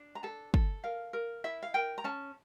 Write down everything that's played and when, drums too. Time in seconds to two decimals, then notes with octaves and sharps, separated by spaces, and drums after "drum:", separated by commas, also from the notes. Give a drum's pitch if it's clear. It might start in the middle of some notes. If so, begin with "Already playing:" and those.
Already playing: D4
0.15 A#5
0.23 A4 A5
0.54 A4, drum: kick
0.84 A#4 F5
1.13 A#4
1.44 E4 E5
1.63 F5
1.74 A#4 G5
1.98 A#5
2.04 C#4 A5